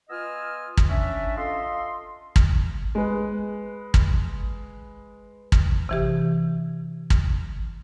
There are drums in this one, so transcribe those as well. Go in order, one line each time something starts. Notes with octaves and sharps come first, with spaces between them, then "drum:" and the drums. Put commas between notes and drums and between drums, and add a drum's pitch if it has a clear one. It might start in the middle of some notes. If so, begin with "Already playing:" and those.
B3 F4 D#5 G#5 E6 F6
drum: kick
C#4 D4 E5
F4 A4 D#5 C6
drum: kick
G#3 B4
drum: kick
drum: kick
C3 E3 G4
drum: kick